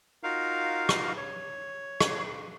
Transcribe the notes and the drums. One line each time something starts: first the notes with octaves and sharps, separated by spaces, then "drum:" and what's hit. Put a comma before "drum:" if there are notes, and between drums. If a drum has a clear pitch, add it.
D#4 F4 F#4 A#4 F5
drum: rim click
C#5
drum: rim click